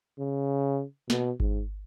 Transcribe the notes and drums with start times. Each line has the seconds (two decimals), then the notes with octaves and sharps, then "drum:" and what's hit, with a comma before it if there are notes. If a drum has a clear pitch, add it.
0.19 C#3
1.10 B2, drum: snare
1.40 G#2, drum: kick G#1